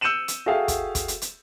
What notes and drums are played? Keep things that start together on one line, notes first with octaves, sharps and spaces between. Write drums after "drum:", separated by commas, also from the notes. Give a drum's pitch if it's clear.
E6 G6 C#7 D#7 E7 F#7
drum: hi-hat
F#4 G#4 A4 E5 F5 G5
drum: kick, hi-hat
drum: kick, hi-hat
drum: hi-hat
drum: hi-hat